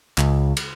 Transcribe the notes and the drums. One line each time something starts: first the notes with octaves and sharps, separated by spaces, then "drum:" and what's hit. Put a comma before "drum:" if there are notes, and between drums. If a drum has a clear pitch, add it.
C#2, drum: clap
drum: cymbal